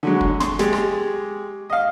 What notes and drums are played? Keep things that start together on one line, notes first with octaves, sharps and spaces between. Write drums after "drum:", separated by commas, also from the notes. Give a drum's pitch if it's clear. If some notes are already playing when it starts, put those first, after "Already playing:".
D3 F#3 G#3
drum: kick
C6, drum: snare
G#3 G4 G#4, drum: snare
drum: rim click
D#5 F5